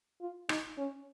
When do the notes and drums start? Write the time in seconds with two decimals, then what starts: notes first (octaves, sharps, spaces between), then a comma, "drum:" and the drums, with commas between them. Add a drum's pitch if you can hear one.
0.21 F4
0.49 D#4, drum: rim click
0.78 C#4